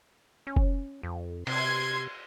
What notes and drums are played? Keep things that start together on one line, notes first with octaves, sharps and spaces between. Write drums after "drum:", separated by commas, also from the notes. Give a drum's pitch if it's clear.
C#4
drum: kick F1
F2
C3 C6 G#6, drum: cymbal